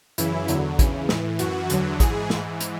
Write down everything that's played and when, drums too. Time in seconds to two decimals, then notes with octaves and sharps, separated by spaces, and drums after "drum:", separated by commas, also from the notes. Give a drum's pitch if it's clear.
0.18 F#2 C#3 E3 E4, drum: hi-hat
0.48 E2 D3 F#3, drum: hi-hat
0.79 E2 C#3 E3, drum: kick A1, hi-hat
1.09 A2 E3, drum: snare
1.39 F#2 E3 F#4, drum: hi-hat
1.70 E2 D3 F#3, drum: hi-hat
2.00 G#2 E3 G#4, drum: kick A1, hi-hat
2.30 G#2 E3, drum: snare
2.60 drum: hi-hat